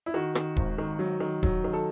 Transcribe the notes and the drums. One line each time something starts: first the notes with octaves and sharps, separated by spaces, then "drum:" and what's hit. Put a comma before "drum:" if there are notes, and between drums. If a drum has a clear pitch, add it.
E4
D#3 F#4
D#3, drum: rim click
G#1, drum: kick D#1
D#3
F#3
D#3
F#3, drum: kick D#1
D#3
A4